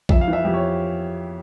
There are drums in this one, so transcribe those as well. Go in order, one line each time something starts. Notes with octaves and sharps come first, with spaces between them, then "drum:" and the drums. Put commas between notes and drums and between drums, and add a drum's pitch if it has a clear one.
F2 E5, drum: kick A1
F5
E3
E5
F2 G4
C#5